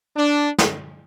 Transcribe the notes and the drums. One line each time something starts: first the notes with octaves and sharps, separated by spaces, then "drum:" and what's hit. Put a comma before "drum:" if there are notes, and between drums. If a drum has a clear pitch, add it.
D4
drum: snare